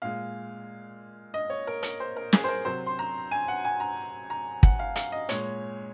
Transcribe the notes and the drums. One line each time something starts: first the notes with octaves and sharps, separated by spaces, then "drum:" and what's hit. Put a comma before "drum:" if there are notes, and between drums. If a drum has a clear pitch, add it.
A#2 G#3 F5
D#5
C#5
A#4
A#4, drum: hi-hat
C5
A#4
G#4, drum: snare
C5
A#4
C3 F#3 C5
C6
A#5
G#5
F#5
G#5
A#5
A#5
F#5, drum: kick
F5
F5, drum: hi-hat
D#5
A#2 G#3 C#5, drum: hi-hat